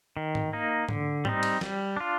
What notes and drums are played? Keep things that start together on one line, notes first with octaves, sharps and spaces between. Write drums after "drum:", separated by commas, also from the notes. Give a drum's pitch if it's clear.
D#3
drum: tom G#2
A#3 D#4
D3, drum: tom G#2
G3 C4 D#4, drum: tom G#2
drum: cymbal
G3, drum: snare
D4 F4